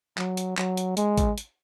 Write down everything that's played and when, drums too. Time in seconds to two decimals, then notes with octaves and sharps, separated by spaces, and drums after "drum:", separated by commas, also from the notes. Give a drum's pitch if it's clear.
0.18 F#3, drum: clap
0.37 drum: hi-hat
0.57 F#3, drum: clap
0.77 drum: hi-hat
0.97 G#3, drum: hi-hat
1.18 drum: kick A1, hi-hat
1.38 drum: hi-hat